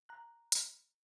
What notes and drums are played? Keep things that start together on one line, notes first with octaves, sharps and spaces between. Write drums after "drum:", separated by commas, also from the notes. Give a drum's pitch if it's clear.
A#5 F#6
drum: hi-hat